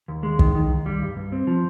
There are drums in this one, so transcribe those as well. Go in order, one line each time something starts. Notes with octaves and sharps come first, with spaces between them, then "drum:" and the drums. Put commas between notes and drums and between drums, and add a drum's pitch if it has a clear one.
D#2
G#3
D#3, drum: kick
D#3
D#2
G3
G2
G2
C4
F3